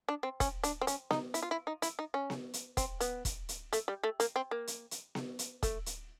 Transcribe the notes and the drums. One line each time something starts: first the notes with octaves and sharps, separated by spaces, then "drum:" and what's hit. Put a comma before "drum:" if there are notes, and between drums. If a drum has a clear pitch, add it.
D4
C4
C#4, drum: kick E1, hi-hat
D4, drum: hi-hat
C4
C#4, drum: hi-hat
D#4, drum: snare B3
E4, drum: hi-hat
F4
E4
D#4
E4, drum: hi-hat
D#4
C#4
drum: snare B3
drum: hi-hat
C4, drum: kick E1, hi-hat
B3, drum: hi-hat
drum: kick E1, hi-hat
drum: hi-hat
A3, drum: hi-hat
G3
A3
A#3, drum: hi-hat
C4
A#3
drum: hi-hat
drum: hi-hat
drum: snare B3
drum: hi-hat
A3, drum: kick E1, hi-hat
drum: hi-hat